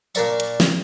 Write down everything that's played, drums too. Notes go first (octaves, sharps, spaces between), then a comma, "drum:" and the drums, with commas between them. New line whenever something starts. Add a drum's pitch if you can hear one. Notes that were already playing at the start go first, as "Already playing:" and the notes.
A#2 D4 A#4 D5 C#6, drum: tambourine
drum: hi-hat
drum: snare